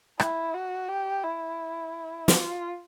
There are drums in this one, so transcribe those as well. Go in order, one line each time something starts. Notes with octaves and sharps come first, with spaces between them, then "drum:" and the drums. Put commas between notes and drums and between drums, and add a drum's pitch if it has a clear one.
E4, drum: rim click
F#4
G4
E4
F4, drum: snare